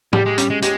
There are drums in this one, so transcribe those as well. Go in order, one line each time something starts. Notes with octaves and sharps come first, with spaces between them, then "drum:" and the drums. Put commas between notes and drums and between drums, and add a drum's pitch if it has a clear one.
G3 G4, drum: tom
G#3
G3 C#4, drum: hi-hat
G#3
G#3 G4, drum: hi-hat